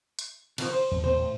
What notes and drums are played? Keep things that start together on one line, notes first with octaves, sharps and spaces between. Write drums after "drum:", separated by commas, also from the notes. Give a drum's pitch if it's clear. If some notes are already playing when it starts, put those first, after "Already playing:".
drum: hi-hat
B2 D#3 F3, drum: cymbal
C5
D#2
D#2 B2 A#3 C5
A2